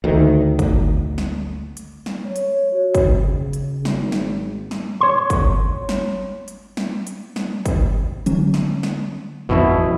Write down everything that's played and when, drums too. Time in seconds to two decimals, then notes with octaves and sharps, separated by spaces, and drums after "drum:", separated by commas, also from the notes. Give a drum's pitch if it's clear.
0.04 D2 D#3
0.59 drum: kick, hi-hat
1.18 drum: snare
1.77 drum: hi-hat
2.06 drum: snare
2.26 C#5
2.36 drum: hi-hat
2.73 F#4
2.95 drum: kick, hi-hat
3.08 C#3
3.53 drum: hi-hat
3.85 G#1, drum: snare
4.12 drum: snare
4.71 drum: snare
5.01 C#5 C6
5.30 drum: kick, hi-hat
5.89 drum: snare
6.48 drum: hi-hat
6.77 drum: snare
7.07 drum: hi-hat
7.36 drum: snare
7.66 drum: kick, hi-hat
8.26 D3 F#3 C#4, drum: hi-hat
8.54 drum: snare
8.83 drum: snare
9.49 A1 F2 B2 F3 E4